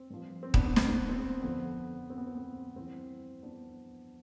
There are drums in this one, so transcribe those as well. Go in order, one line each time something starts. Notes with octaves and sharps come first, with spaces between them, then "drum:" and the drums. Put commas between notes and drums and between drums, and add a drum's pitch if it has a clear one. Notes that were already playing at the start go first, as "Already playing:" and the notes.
Already playing: C4
G2 F3
C4
B3 D4, drum: kick D#1
B3 D4
C4, drum: snare
B3
C4
F2 D3 F3 B3
C4
B3
C4
B3
G2 E3 C4
B3 D4